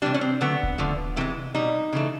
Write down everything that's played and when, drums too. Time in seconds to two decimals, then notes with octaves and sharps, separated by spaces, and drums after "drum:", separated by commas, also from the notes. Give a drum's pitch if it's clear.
0.02 C3 E3 G3 D4
0.14 C#4
0.21 C4
0.41 D3 F#3 A3 B3
0.63 drum: kick D#1
0.78 D3 F3 A3
1.16 C3 E3 G#3 A3
1.55 B2 G3 D#4
1.93 C#3 E3 A3